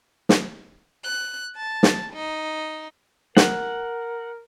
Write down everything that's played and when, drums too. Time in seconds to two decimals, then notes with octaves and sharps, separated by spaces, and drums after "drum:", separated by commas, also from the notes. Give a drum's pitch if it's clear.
0.29 drum: snare
1.05 F#6
1.56 A5
1.83 drum: snare
2.14 D#4
3.37 A#4 F#5, drum: snare